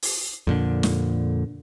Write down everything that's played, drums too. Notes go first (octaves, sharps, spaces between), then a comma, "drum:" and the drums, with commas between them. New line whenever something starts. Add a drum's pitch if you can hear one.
drum: open hi-hat
F2 A#2 D3
drum: snare